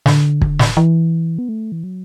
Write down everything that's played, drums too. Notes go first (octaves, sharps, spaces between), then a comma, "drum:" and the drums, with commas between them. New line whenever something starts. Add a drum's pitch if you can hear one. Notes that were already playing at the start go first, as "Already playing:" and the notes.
D3, drum: snare
drum: kick
drum: snare
E3
B3
A3
E3
F#3